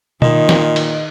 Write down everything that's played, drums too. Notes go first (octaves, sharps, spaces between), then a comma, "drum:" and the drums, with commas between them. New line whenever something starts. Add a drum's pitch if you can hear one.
A#2 D#3 D#5, drum: tom B2
drum: snare
drum: cymbal